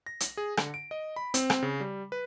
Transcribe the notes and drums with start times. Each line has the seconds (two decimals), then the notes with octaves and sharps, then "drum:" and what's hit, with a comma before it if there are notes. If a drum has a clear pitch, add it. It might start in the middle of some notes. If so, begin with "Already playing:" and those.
0.06 A#6
0.20 drum: hi-hat
0.37 G#4
0.57 D3, drum: rim click
0.74 D7
0.91 D#5
1.16 B5
1.34 C4, drum: hi-hat
1.50 drum: rim click
1.62 C#3
1.80 G3
2.12 B4